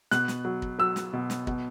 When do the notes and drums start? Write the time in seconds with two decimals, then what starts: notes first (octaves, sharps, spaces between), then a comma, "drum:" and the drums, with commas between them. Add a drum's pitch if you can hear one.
0.11 B2 F#6, drum: snare
0.28 drum: snare
0.45 F#3
0.62 drum: kick
0.79 F#3 E6
0.96 drum: snare
1.13 B2
1.30 drum: snare
1.47 B2, drum: kick